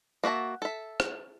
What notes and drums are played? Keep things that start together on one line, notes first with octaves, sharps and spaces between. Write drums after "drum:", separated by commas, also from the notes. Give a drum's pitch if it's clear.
A#3 F#4 E5 A5
A4 E5
drum: rim click